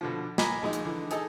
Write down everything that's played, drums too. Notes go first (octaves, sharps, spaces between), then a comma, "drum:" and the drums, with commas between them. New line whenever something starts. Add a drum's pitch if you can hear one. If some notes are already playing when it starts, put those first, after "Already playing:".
B2 D3 F3
D#5 G#5 A#5 B5 D6, drum: snare
A#1 G#3 D#4
drum: hi-hat
D3 E3
D#4 G#4 A4 D#5, drum: hi-hat